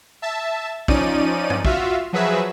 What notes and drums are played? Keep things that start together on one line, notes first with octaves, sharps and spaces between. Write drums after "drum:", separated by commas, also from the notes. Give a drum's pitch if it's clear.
E5 A5
F3 C#4 D#4 D5 D#7, drum: kick A#1
drum: tom G2
F4 F#4 E5 F5, drum: kick A#1
F3 F#3 F#4 G#4 B4 E5